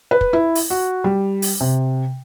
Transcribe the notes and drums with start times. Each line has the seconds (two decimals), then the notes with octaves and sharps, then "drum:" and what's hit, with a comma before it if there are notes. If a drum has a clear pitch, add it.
0.11 B4
0.21 drum: kick
0.33 E4
0.55 drum: open hi-hat
0.70 F#4
1.04 G3
1.42 drum: open hi-hat
1.60 C3